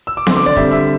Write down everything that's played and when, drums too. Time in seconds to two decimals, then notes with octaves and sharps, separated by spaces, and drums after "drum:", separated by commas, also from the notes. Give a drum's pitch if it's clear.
0.07 E6
0.17 D6
0.27 D3 C4 C6, drum: snare B3
0.37 D6
0.46 D5
0.56 D3 G3 C4 E5, drum: kick
0.71 E5